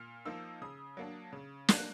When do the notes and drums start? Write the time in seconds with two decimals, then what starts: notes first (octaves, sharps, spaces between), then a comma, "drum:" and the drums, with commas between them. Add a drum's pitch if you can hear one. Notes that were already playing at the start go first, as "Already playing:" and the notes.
Already playing: A#2 F6
0.25 F3 A#3 D#4 E6
0.62 C#3 D#6
0.97 F#3 A#3 D4
1.33 C#3
1.69 F#3 A#3 D4 F#6, drum: snare